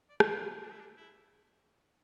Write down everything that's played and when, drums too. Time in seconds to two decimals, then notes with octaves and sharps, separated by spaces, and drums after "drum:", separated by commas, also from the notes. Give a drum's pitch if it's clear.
0.09 D5
0.20 D5, drum: rim click
0.27 C5
0.62 D4
0.71 E4
0.79 D4
0.97 E4